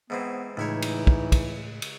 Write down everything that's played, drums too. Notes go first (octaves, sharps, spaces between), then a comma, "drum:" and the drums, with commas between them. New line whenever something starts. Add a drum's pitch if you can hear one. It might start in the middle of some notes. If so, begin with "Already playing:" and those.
G#2 E3 B3 C4
C#2 A2 E3 D#4 E4 C#5
drum: cymbal
drum: kick
drum: kick, cymbal
drum: cymbal